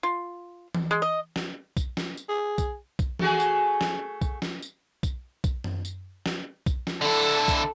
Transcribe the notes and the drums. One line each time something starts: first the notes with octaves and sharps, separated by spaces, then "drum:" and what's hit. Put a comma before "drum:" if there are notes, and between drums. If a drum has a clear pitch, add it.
F4
drum: tom E3
G#3
D#5
drum: snare
drum: kick B1, tambourine
drum: snare
drum: tambourine
G#4
drum: kick B1, tambourine
drum: kick B1, tambourine
A3 F#4 G#4, drum: tom E3
drum: tambourine
drum: snare
drum: kick B1, tambourine
drum: snare
drum: tambourine
drum: kick B1, tambourine
drum: kick B1, tambourine
drum: tom F#2
drum: tambourine
drum: snare
drum: kick B1, tambourine
drum: snare
D3 E4 A4
drum: kick B1, tambourine